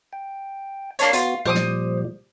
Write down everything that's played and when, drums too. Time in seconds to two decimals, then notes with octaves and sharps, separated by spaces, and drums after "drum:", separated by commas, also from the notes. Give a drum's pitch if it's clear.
0.13 G5
0.99 A#3 D4 C#5 C#6 G#6, drum: hi-hat
1.13 B3 F4 F#4, drum: hi-hat
1.46 A#2 F3 G3 C5 D6 D#6
1.55 drum: snare